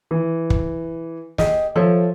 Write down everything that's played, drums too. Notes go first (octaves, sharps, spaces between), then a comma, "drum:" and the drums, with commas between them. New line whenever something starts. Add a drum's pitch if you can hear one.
E3
drum: kick
G4 G#4 D#5, drum: snare
F3 A4 C#5 E5